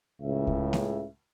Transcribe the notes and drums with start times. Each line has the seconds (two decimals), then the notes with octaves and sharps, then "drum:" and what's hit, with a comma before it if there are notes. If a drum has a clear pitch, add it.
0.21 C#2 A2 C#3 E5
0.47 drum: kick C#2
0.73 drum: snare A#3